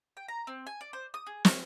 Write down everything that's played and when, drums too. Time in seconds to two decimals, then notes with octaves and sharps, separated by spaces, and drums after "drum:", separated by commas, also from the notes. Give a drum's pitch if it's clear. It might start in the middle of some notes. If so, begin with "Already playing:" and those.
0.17 G5
0.28 A#5
0.47 C4
0.67 G#5
0.81 D5
0.93 C5
1.14 D#6
1.26 G#4
1.45 C#5, drum: snare